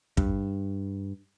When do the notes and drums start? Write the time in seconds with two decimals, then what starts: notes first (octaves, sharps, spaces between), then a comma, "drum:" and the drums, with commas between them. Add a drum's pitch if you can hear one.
0.17 G2, drum: kick